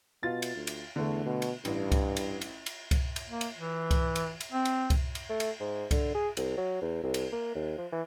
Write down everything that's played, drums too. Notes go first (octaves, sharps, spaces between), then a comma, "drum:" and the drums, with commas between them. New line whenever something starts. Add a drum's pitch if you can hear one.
B2 F4 A6
drum: cymbal
D2
drum: cymbal
E2 D3 A3
B2
drum: cymbal
A1 G2, drum: cymbal
drum: kick C2, cymbal
drum: cymbal
drum: cymbal
drum: cymbal
drum: kick C2, cymbal
drum: cymbal
A#3
drum: cymbal
E3
drum: kick C2, cymbal
drum: cymbal
drum: cymbal
C4
drum: cymbal
drum: kick C2, cymbal
drum: cymbal
A3
drum: cymbal
G#2
D3, drum: kick C2, cymbal
G#4
C2, drum: cymbal
F#3
E2
C2
drum: cymbal
A#3
D#2
F3
E3